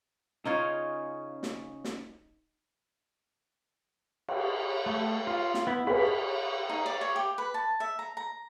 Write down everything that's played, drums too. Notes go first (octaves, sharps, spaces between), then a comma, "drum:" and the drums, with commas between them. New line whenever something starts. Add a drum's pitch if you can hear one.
C#3 D#4 F4 C#5
drum: snare
drum: snare
drum: cymbal
A3
F4
drum: snare
B3 E4
G#4 A#4 B4 B5, drum: cymbal
D#4
D5
C#5
G4
B4
A5
E5
A#5
A#5